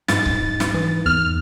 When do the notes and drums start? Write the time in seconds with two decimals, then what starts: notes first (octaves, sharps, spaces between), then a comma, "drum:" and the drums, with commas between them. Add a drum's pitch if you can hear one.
0.08 G#2 A6, drum: snare
0.26 drum: kick C#1
0.60 drum: snare
0.74 E3 D#6
1.06 E2 F6